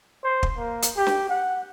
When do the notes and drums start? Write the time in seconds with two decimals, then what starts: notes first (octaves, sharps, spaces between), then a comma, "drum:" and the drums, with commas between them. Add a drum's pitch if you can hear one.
0.24 C5
0.43 drum: kick
0.57 A#3
0.82 drum: hi-hat
0.97 G4
1.07 drum: snare
1.30 F#5